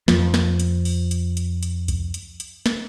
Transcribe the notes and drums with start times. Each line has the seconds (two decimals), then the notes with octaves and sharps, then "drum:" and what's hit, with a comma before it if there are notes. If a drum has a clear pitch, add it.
0.08 F2 F3, drum: snare
0.34 drum: snare
0.60 drum: hi-hat
0.85 drum: open hi-hat
1.11 drum: hi-hat
1.37 drum: hi-hat
1.63 drum: hi-hat
1.88 drum: kick C2, hi-hat
2.14 drum: hi-hat
2.40 drum: hi-hat
2.66 drum: snare